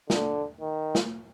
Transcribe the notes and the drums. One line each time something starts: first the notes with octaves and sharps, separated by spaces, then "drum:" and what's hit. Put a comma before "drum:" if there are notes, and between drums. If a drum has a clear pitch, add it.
D3, drum: snare
D#3
drum: snare